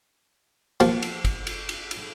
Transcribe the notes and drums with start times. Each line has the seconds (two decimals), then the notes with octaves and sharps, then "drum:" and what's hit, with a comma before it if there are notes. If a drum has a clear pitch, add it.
0.80 F3 A#3, drum: cymbal
1.02 drum: cymbal
1.25 drum: kick, cymbal
1.47 drum: cymbal
1.69 drum: cymbal
1.91 drum: cymbal